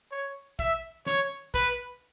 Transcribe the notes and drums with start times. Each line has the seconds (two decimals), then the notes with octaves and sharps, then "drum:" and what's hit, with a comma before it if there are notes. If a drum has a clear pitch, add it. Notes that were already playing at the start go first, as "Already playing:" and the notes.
0.12 C#5
0.59 E5, drum: kick
1.06 C#5, drum: snare
1.54 B4, drum: kick